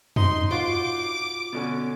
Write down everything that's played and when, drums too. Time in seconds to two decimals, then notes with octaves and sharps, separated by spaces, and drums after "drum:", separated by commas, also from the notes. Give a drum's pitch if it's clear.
0.16 D#4 C6, drum: tom
0.51 F4 F#4 D6
1.53 B2 D3 C#4